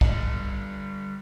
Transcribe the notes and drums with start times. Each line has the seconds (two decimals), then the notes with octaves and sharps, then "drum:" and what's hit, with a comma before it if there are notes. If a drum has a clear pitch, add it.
0.01 D3 G3, drum: kick